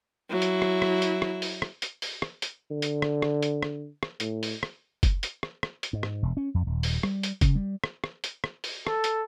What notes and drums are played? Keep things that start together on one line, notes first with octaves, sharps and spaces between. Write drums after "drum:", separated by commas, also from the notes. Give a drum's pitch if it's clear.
F#3 E4
drum: hi-hat
drum: rim click
drum: rim click
drum: hi-hat
drum: rim click
drum: open hi-hat
drum: rim click
drum: hi-hat
drum: open hi-hat
drum: rim click
drum: hi-hat
D3
drum: hi-hat
drum: rim click
drum: rim click
drum: hi-hat
drum: rim click
drum: rim click
A2, drum: hi-hat
drum: open hi-hat
drum: rim click
drum: kick, hi-hat
drum: hi-hat
drum: rim click
drum: rim click
drum: hi-hat
G#2
drum: rim click
E1
C#4
F2
D#1
drum: open hi-hat
G3, drum: rim click
drum: hi-hat
C#3, drum: kick, hi-hat
G3
drum: rim click
drum: rim click
drum: hi-hat
drum: rim click
drum: open hi-hat
A4, drum: rim click
drum: hi-hat